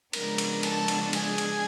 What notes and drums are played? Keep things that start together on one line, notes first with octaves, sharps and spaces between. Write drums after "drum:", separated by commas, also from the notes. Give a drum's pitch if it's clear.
C#3 F3 G#3 B3 D4 A#4 A#5, drum: cymbal
drum: cymbal
A4 A5, drum: cymbal
drum: cymbal
G#4 G#5, drum: cymbal
drum: cymbal